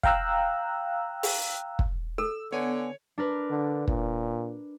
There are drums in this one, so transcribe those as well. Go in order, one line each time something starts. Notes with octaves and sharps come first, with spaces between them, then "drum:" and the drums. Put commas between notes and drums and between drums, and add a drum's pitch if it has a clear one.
F5 G5 A#5 E6 F#6, drum: kick
drum: open hi-hat
drum: kick
A4 E6
D3 B3 C#5 G#5
D4 A#4 B4
D3
A#2, drum: kick